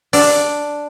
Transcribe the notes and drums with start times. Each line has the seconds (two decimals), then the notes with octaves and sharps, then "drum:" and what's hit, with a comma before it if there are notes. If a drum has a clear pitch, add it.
0.13 D4, drum: open hi-hat